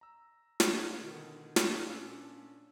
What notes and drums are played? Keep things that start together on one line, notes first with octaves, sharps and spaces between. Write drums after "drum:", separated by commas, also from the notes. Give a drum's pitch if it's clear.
A#5 E6
drum: snare
F#4 G#6 C#7
B2 D3 D#3
drum: snare
A#2 C#4 D4 E6 E7